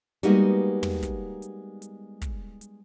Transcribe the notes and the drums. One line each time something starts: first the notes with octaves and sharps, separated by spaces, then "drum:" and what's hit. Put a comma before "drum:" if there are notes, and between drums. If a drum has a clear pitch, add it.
G3 G#3 A#3 B3 D#4 F#4, drum: hi-hat
drum: tom
drum: kick, hi-hat
drum: hi-hat
drum: hi-hat
drum: kick, hi-hat
drum: hi-hat